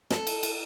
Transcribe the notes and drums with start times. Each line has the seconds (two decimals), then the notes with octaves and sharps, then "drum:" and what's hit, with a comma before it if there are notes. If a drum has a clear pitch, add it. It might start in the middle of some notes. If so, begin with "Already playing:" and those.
0.11 A4, drum: snare
0.27 drum: cymbal
0.43 drum: cymbal